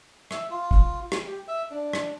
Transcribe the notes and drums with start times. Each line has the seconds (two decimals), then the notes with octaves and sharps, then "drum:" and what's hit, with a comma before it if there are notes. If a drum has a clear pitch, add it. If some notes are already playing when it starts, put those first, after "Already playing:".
0.31 E5, drum: rim click
0.51 F4
0.71 drum: kick
1.12 drum: rim click
1.26 G4
1.48 E5
1.71 D4
1.93 drum: rim click